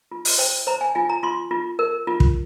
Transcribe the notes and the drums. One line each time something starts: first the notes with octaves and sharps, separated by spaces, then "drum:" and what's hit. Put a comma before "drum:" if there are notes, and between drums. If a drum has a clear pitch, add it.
F4
drum: open hi-hat
C5 G5
C5 A#5
G#5
F4 G#5
A#5
F4 C6
F4
A#4
F4
drum: kick